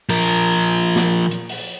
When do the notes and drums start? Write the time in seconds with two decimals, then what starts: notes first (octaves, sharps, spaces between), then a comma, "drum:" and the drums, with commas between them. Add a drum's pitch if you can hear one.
0.09 F3 A#4, drum: cymbal
0.96 drum: snare
1.31 drum: hi-hat
1.49 drum: open hi-hat